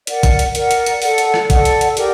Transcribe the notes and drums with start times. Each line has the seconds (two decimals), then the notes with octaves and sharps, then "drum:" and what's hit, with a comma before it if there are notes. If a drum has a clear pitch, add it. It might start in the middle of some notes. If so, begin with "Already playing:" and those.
0.07 A#4 D5 F#5, drum: hi-hat
0.23 drum: kick, hi-hat
0.39 drum: hi-hat
0.55 A#4 D5 F#5, drum: hi-hat
0.71 drum: hi-hat
0.86 drum: hi-hat
1.02 A4 D5 F#5, drum: open hi-hat
1.18 drum: hi-hat
1.34 drum: rim click
1.50 A4 D5 F#5, drum: kick, hi-hat
1.65 drum: hi-hat
1.81 drum: hi-hat
1.97 G4 A#4 D5, drum: hi-hat